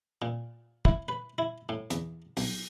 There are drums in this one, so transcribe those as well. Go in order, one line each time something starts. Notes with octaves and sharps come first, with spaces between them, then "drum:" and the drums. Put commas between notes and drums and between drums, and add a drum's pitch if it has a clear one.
A#2
E4, drum: kick
B4
E4
A2
E2, drum: hi-hat
B1, drum: open hi-hat